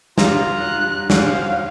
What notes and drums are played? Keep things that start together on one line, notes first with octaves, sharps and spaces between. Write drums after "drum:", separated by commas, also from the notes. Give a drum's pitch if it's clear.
F4 A#5, drum: snare
F#6
C#4 C5 F5 F#5, drum: snare